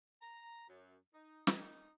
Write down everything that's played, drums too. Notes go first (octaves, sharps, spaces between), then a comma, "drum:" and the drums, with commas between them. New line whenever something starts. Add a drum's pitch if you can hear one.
A#5
F#2
D#4
D#4, drum: snare